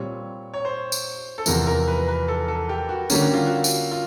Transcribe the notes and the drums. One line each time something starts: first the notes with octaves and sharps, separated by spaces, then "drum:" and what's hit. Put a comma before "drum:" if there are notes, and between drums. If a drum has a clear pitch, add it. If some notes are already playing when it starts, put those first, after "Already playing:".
Already playing: A#2 G3 C4 C#5
C#5
C5
drum: tambourine
A4
E2 C3 F3 G#3 A#4, drum: tambourine
A#4
B4
B4
A4
A4
G4
F#4
D3 G3 A#3 C#4 G4, drum: tambourine
F#4
F4
F#4
drum: tambourine
F4